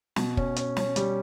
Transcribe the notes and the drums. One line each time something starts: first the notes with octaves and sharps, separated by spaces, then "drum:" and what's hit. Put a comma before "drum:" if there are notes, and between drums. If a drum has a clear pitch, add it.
B2, drum: snare
C#4, drum: kick
C#4, drum: hi-hat
C#4, drum: snare
G3, drum: hi-hat